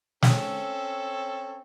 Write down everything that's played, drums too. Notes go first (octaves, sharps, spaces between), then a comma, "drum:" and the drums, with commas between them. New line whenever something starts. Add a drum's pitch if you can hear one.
C4 C#4 A4, drum: snare